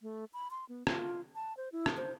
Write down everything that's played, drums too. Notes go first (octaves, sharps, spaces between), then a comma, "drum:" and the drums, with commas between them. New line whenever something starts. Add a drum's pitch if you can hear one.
A3
B5
C6
B3
F4, drum: rim click
A5
C5
E4
drum: rim click
C5